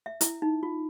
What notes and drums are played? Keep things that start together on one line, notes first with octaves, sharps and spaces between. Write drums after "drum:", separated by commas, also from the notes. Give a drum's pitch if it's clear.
E5
E4, drum: hi-hat
D#4
F4